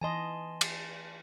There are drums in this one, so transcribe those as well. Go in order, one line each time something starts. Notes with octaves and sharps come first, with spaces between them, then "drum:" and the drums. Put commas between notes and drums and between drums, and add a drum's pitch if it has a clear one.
E3 D#5 G#5 A5 C6
drum: cymbal